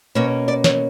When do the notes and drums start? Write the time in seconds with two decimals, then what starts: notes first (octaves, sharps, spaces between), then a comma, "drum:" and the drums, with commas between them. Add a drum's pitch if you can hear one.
0.15 B2 A#3 C#4 C#5
0.48 D5
0.64 C#5, drum: snare